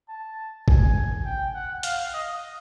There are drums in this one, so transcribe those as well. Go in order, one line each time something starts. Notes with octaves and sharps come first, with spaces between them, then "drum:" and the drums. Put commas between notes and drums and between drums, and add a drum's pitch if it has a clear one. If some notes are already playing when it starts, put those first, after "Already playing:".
A5
G#5, drum: kick G#1
G5
F#5
F5, drum: hi-hat
D#5